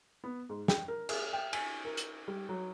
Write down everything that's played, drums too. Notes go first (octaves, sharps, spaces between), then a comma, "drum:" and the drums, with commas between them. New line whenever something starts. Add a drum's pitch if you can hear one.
B3
G#2
G5, drum: snare
A#4
G#4, drum: cymbal
G5
G#5, drum: cymbal
A#4
drum: hi-hat
G3
F#3